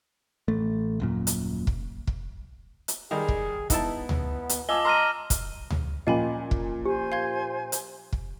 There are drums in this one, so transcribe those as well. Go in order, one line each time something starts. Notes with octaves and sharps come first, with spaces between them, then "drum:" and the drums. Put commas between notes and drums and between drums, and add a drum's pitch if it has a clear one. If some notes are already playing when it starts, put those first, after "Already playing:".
A1 A3
D#1 F#2 A#2
drum: hi-hat
drum: kick
drum: kick
drum: hi-hat
D#3 G3 G#3 G#4
drum: kick
B3 D#4 E4 A5, drum: kick, hi-hat
drum: tom D2
drum: hi-hat
F4 D#5 G#5 A5 D6 E6 G7
A#5 C6 E6 F6 D#7
drum: kick, hi-hat
drum: tom D2
A#2 F3 C#4 D#5 F5 G#5 B5
drum: kick
G4 C5 G#5
F5 C6 G#6
drum: hi-hat
drum: kick